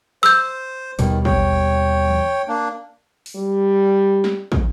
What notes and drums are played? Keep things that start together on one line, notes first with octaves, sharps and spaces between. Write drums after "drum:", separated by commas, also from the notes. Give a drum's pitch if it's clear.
C5 E6 G6
D#2 B2 D#3 G3, drum: hi-hat
C#5 G5, drum: kick
drum: tom E3
A#3 D4
drum: open hi-hat
G3
drum: snare
drum: kick